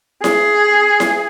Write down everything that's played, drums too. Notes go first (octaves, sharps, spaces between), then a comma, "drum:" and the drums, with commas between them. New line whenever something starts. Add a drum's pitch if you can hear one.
G#4, drum: snare E4
drum: snare E4